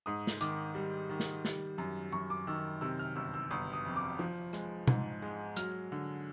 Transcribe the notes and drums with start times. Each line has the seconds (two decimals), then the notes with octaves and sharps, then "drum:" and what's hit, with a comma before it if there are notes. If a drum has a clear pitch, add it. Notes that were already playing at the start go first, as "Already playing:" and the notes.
0.06 G#2 D#6
0.27 drum: snare
0.41 D#3 D6, drum: hi-hat
0.75 G3
1.10 D#3
1.20 drum: snare
1.45 G3, drum: snare
1.78 F#2
2.12 F#2 C#6
2.30 D6
2.47 D#3 E6
2.81 C3 E6
2.99 F6
3.16 G1 E6
3.34 E6
3.51 G1 D#6
3.73 D#6
3.85 F2
3.96 D6
4.19 F3
4.53 G#3, drum: rim click
4.88 G#2, drum: tom B2
5.22 G#3
5.56 F#3 F6, drum: hi-hat
5.92 D3